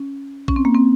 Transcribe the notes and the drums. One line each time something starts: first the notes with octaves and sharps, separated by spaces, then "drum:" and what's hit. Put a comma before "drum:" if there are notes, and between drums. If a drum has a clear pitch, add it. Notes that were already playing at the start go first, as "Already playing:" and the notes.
Already playing: C#4
C#4, drum: kick A#1
C4
A#3
C4